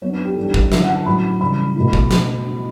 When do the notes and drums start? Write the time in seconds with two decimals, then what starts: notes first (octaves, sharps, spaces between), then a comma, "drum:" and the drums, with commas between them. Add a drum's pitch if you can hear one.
0.02 F#3 B3 D4 C#5
0.13 B4
0.25 G4
0.34 E3 G3 D4 A4
0.43 G4
0.54 drum: kick
0.72 D3 F#3 C#4 E4 E5, drum: snare
0.83 F#5
0.95 A5
1.06 A2 F#3 C#4 E4 B5
1.41 C#3 E3 G3 C#4 E4 B5
1.75 B2 A3 E4
1.93 drum: kick
2.11 drum: snare